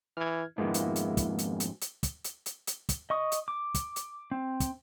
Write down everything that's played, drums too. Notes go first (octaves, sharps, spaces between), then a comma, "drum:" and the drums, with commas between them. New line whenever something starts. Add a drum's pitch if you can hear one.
E3 F6 G#6
F2 G#2 G#3 A#3 B3 E4
drum: hi-hat
drum: hi-hat
drum: kick, hi-hat
drum: hi-hat
drum: hi-hat
drum: hi-hat
drum: kick, hi-hat
drum: hi-hat
drum: hi-hat
drum: hi-hat
drum: kick, hi-hat
D#5 C#6 D#6
drum: hi-hat
D6
drum: kick, hi-hat
drum: hi-hat
C4
drum: kick, hi-hat